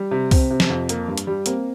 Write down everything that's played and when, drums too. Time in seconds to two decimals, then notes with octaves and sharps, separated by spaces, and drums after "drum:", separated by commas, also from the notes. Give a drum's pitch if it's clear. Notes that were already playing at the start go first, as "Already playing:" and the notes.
Already playing: G3
0.11 C3
0.31 C3 C4, drum: kick C2, open hi-hat
0.51 C3
0.60 drum: snare
0.70 F2
0.89 A#3, drum: hi-hat
1.08 G2
1.18 drum: hi-hat
1.27 G3
1.46 A#3 C4, drum: hi-hat